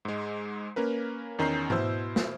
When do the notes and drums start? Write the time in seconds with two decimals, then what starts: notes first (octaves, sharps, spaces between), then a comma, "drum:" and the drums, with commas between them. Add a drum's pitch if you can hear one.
0.05 G#2 G#3
0.76 A#3 C#4 A#4 B4
1.39 E2 D#3 C#4 A#5 G6 C7
1.70 B2 E4 C5 E6, drum: tom G#2
2.16 drum: snare